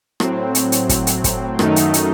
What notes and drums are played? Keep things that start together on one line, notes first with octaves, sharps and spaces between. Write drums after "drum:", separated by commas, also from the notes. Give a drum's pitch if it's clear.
A2 F#3 C4, drum: rim click
drum: hi-hat
drum: hi-hat
drum: kick, hi-hat
drum: hi-hat
drum: kick, hi-hat
F#2 D#3 F#3 A3 D#4, drum: rim click
drum: hi-hat
drum: hi-hat